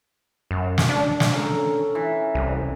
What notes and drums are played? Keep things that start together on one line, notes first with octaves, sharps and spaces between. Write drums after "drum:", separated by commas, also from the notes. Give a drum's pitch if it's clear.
F#2
drum: snare
D4
drum: snare
C#4 A4 A#4
E3
C2